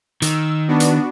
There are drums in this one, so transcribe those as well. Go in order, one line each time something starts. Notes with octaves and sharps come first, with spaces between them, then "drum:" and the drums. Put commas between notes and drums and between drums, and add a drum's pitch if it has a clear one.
D#3 E6, drum: hi-hat
B3 D4 F#4
drum: hi-hat